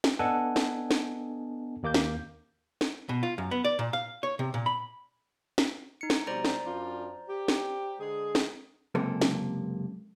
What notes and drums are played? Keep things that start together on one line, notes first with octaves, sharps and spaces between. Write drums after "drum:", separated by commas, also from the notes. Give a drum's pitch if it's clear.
drum: snare
B3 D4 A4 D#5 F#5 G#5
drum: snare
drum: snare
D#2 A#3 D6 G6
drum: snare
drum: snare
B2
F4
F#2
B3
D5
A#2
F5
C#5
C3
A#2
B5
drum: snare
D#4 C#7
drum: snare
B2 F3 G3 C5 D5 A#5
drum: snare
F#2 D4 F4
G4
drum: snare
D3 G#3 G#4
drum: snare
C#2 F#2 C3 A#3 A4
drum: snare